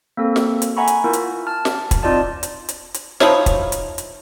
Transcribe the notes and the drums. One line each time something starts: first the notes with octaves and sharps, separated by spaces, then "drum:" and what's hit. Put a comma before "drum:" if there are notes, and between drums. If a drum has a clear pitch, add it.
A#3 C4 A4
drum: snare
drum: hi-hat
E5 F#5 G#5 A#5 B5 C#6
drum: hi-hat
B3 E4 F4 A#4
drum: hi-hat
A5 F6
drum: snare
drum: kick, hi-hat
C4 D#4 F4 D5 D#5 A5
drum: hi-hat
drum: hi-hat
drum: hi-hat
F3 D#4 E4 C#5, drum: snare
drum: kick, hi-hat
drum: hi-hat
drum: hi-hat